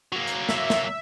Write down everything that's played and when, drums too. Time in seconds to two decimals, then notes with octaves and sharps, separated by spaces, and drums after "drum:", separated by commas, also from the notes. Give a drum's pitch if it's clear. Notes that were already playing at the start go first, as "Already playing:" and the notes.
0.12 F#3 A#3
0.27 drum: hi-hat
0.49 E5, drum: snare
0.70 drum: snare